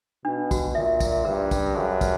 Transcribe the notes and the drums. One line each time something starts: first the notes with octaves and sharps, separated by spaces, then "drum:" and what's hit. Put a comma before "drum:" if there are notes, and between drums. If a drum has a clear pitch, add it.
B2 D4
F#4, drum: kick, tambourine
A#2 E5
E5, drum: kick, tambourine
G2 A#4
C#4, drum: kick, tambourine
F#2 G#4
B4, drum: kick, tambourine